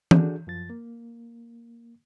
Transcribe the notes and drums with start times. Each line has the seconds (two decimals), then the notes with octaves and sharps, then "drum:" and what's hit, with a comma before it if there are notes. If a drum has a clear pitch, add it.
0.11 D4 F#4 G#4 A4, drum: tom E3
0.47 F#2 F3 A6
0.70 A#3